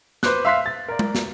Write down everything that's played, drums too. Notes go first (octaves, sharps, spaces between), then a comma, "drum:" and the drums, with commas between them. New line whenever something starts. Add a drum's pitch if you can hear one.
B4 C5 D6 F#6, drum: snare
E5 F5 C6 F#6 B6
A6
A#4 D5
drum: tom G#3
drum: snare